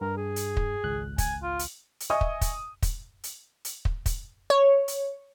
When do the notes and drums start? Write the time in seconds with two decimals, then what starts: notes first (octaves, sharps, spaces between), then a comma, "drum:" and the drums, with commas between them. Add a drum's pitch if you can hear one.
0.01 G2 A#4
0.17 G#4
0.36 drum: hi-hat
0.57 drum: kick
0.84 G#1 C#2 F#6
1.18 G#5, drum: kick, hi-hat
1.43 F4
1.59 drum: hi-hat
2.00 drum: hi-hat
2.10 D#5 E5 G#5 C#6 D#6
2.21 drum: kick
2.41 drum: kick, hi-hat
2.82 drum: kick, hi-hat
3.24 drum: hi-hat
3.65 drum: hi-hat
3.85 drum: kick
4.06 drum: kick, hi-hat
4.50 C#5
4.88 drum: hi-hat